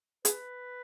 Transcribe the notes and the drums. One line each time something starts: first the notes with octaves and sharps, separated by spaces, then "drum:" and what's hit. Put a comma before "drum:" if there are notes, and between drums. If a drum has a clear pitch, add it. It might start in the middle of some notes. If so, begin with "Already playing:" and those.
G#4 B4, drum: hi-hat